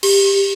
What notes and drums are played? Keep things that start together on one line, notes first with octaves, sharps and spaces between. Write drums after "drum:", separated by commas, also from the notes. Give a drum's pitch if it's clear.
G4, drum: cymbal